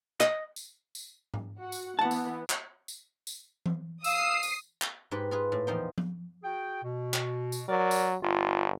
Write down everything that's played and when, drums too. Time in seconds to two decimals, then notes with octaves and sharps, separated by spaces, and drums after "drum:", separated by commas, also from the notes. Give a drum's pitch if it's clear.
0.20 D#5, drum: clap
0.56 drum: tambourine
0.95 drum: tambourine
1.34 drum: tom G#2
1.60 F#4 F#5
1.72 drum: tambourine
1.99 E3 B3 F#5 A5
2.11 drum: tambourine
2.50 drum: clap
2.88 drum: tambourine
3.27 drum: tambourine
3.66 drum: tom E3
4.04 F5 D#6 E6 C7, drum: tambourine
4.43 drum: tambourine
4.82 drum: clap
5.11 G#2 G4 B4 B5
5.31 F4 G#4 B4
5.52 A2
5.67 E2 A#2 F3 D#4 C5 G5
5.98 drum: tom F3
6.43 F#4 G#4 G5
6.83 B2
7.14 drum: clap
7.52 drum: tambourine
7.68 F#3 A#4 D5
7.91 drum: tambourine
8.22 G1 F4